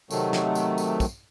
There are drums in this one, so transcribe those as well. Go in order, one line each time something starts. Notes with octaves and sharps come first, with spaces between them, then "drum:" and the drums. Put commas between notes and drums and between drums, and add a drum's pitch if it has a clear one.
C3 D#3 F#3 A3, drum: tambourine
drum: snare
drum: tambourine
drum: tambourine
drum: kick, tambourine